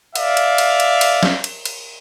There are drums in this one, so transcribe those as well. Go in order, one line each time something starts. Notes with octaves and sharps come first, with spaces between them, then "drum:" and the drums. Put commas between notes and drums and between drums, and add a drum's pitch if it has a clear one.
D5 E5 F5, drum: cymbal
drum: cymbal
drum: cymbal
drum: cymbal
drum: cymbal
drum: snare
drum: cymbal
drum: cymbal